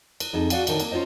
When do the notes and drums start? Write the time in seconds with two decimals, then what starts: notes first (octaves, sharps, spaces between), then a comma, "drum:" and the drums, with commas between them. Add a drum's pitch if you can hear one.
0.20 B4, drum: cymbal
0.33 F2 D#4 G#4 A5
0.50 F#4 D5 F5 G#5, drum: cymbal
0.67 A2 D3 D#3 A#4 G5 A5, drum: cymbal
0.80 A#3, drum: cymbal
0.91 C#4 F4 F#4 C5 D#5